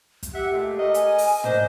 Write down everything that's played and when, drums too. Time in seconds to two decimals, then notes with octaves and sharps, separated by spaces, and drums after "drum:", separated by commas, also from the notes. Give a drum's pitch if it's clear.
0.23 drum: kick, hi-hat
0.34 G4 E5 F#5
0.52 A#2 G#3 A3
0.78 A3 A#4 D#5
0.94 G#5, drum: hi-hat
1.18 drum: open hi-hat
1.44 A#3 D4 C5 D#5, drum: tom